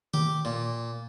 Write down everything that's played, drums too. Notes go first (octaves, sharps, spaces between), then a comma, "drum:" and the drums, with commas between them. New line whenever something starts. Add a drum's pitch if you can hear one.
G4, drum: tom D#3
A#2